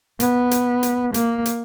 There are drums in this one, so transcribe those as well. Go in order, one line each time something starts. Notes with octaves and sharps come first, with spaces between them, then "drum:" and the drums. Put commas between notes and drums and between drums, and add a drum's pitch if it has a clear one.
B3, drum: hi-hat
drum: hi-hat
drum: hi-hat
A#3, drum: hi-hat
drum: hi-hat